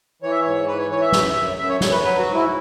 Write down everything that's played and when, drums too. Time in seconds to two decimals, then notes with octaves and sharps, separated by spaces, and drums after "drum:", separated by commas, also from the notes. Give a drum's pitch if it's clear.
0.22 E3 C#5
0.31 E5
0.40 C#5
0.46 G#2
0.67 E3 B4
0.79 C#5
0.90 E3 C#5
1.01 E5
1.12 F#2, drum: snare
1.35 F#2
1.58 F#2 E5
1.69 C#5
1.81 F#2 C#5, drum: snare
1.92 B4
2.03 F#3 B4
2.18 F#4
2.26 G#2
2.34 E4